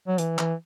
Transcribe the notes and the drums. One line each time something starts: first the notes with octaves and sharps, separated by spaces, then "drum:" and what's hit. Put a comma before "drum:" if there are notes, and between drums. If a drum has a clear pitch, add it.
F#3
E3, drum: hi-hat
E3, drum: clap